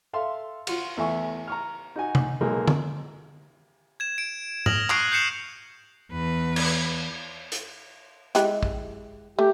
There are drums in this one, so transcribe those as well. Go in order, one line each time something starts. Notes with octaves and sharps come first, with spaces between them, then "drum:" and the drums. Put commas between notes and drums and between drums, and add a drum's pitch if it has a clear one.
A4 E5 F5 C6
F4 F#4, drum: cymbal
E2 A3 E4 E5 G#5 C#6
A#5 C#6 F6
D#4 F#4 G#5
drum: tom
B1 F#3 G#3 A#3 D#4 G#4
drum: tom
G#6 E7
D7
D#6 F6 A#6 F7 F#7, drum: tom G#2
C#6 D#6 F#6 G#6 C7 D7, drum: clap
G6 C7 C#7 E7 F#7
E2 B4
drum: cymbal
drum: hi-hat
G#3 E4 G4, drum: hi-hat
drum: kick
A3 G4